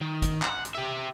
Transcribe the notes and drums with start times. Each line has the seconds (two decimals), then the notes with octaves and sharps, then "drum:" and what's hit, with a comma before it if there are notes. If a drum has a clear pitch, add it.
0.01 D#3
0.22 drum: kick, hi-hat
0.42 F#5, drum: clap
0.65 drum: hi-hat
0.75 G4 E5